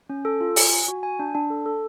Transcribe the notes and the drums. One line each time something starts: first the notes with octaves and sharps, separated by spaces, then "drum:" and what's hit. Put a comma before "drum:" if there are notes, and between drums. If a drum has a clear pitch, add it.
C#4
A4
F4
G#5, drum: open hi-hat
G#5
F#4
G#5
D4
D4
A4
A4